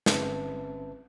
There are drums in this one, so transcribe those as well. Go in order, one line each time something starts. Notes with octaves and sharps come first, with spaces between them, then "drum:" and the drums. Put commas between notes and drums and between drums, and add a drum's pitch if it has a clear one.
G1 C4 C#4 B4 E5 A5, drum: snare